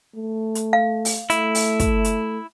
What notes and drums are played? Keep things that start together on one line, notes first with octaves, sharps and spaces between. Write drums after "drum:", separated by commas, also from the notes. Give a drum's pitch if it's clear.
A3
drum: hi-hat
F5
drum: open hi-hat
A3 E4, drum: hi-hat
drum: open hi-hat
drum: kick, hi-hat
drum: hi-hat